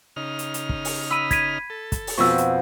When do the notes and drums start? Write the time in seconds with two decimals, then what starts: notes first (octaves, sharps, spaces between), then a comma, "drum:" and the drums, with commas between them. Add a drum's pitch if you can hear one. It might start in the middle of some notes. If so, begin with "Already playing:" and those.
0.16 C#3 D#4 F6
0.39 drum: hi-hat
0.54 drum: hi-hat
0.69 drum: kick
0.85 drum: open hi-hat
1.11 B5 E6 D#7
1.31 G#6 B6 D#7, drum: kick, hi-hat
1.70 A4
1.92 drum: kick, hi-hat
2.07 drum: open hi-hat
2.18 F2 B2 F3 C#6 E6
2.38 drum: hi-hat